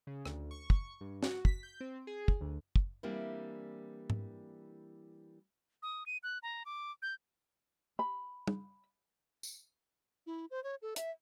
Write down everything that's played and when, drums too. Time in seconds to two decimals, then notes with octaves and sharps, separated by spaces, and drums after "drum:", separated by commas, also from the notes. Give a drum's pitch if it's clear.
0.07 C#3
0.26 D2, drum: rim click
0.51 C#6
0.70 drum: kick
1.01 G2
1.23 F#4, drum: snare
1.45 B6, drum: kick
1.63 G6
1.80 C4
2.07 G#4
2.28 drum: kick
2.41 D2
2.76 drum: kick
3.03 E3 G3 A#3 C4 D4 E4
4.10 drum: tom G#2
5.82 D#6
6.06 D#7
6.23 F#6
6.43 A#5
6.65 D6
7.02 G6
7.99 B5
8.47 drum: tom
9.43 drum: tambourine
10.26 E4
10.51 C5
10.64 C#5
10.82 A4
10.96 E5, drum: hi-hat